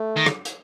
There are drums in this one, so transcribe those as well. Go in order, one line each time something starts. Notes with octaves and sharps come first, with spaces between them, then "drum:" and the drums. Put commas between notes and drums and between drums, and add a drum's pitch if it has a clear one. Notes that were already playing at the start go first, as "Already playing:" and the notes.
Already playing: A3
D#3
drum: rim click
drum: hi-hat